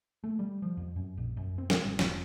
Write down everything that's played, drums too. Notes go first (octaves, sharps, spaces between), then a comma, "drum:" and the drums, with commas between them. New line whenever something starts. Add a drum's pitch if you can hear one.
A3
G3
F3
F2
F#2
A#1
F#2
C4
G3, drum: snare
G#1
F1, drum: snare